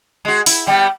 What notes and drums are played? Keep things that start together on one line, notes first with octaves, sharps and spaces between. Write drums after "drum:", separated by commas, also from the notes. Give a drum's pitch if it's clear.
G#3 F#4
E4, drum: open hi-hat
G3 B3 G5